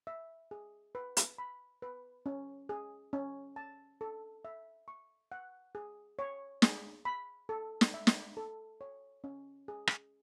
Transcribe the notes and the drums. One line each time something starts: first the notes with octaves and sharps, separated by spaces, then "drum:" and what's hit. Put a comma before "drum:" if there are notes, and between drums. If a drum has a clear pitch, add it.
E5
G#4
B4
drum: hi-hat
B5
B4
C#4
G#4
C#4
A5
A4
E5
C#6
F#5
G#4
C#5
G#4, drum: snare
B5
A4
drum: snare
E5
drum: snare
A4
C#5
C#4
G#4
drum: rim click